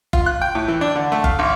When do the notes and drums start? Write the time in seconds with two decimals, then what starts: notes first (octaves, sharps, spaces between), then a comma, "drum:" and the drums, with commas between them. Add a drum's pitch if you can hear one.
0.13 F4, drum: kick F#1
0.26 F#6
0.42 G5
0.55 A2
0.68 E3
0.81 D4
0.95 D3
1.12 A3
1.24 F5, drum: kick F#1
1.39 G#1